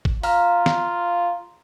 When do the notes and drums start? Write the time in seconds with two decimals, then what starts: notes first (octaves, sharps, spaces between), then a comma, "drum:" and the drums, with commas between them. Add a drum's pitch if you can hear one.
0.05 drum: kick A1
0.23 F4 F5 A#5 F6, drum: open hi-hat
0.66 drum: snare